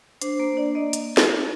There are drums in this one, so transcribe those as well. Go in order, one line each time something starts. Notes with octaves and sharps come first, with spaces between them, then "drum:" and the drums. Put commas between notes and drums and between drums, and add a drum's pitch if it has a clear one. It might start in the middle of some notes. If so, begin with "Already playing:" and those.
D4 C5, drum: hi-hat
A#3 C5
D4 D5
A#3 D#5
drum: hi-hat
drum: snare